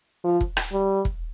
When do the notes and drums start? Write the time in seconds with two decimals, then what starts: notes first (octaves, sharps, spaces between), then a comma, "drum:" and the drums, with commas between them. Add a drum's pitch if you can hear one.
0.24 F3
0.41 drum: kick E1
0.57 drum: rim click
0.72 G3
1.05 drum: kick E1